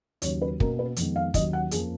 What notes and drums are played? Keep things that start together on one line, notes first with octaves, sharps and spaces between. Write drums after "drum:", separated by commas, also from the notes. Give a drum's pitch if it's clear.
D#2 C#3 F#3 C#5, drum: hi-hat
B4
B2 A#3 C#4 A#4, drum: kick
B4
F2 D#3 G#3 B3, drum: hi-hat
F5
D#2 D#3 F#3 C#4 D#5, drum: kick, hi-hat
F#5
F2 F3 A#3 C#4 G#4, drum: hi-hat